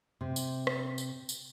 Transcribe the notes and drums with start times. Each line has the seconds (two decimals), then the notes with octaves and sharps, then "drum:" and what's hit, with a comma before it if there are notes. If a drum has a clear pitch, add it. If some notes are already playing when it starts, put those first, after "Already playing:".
0.21 C3
0.36 drum: tambourine
0.67 drum: rim click
0.98 drum: tambourine
1.29 drum: tambourine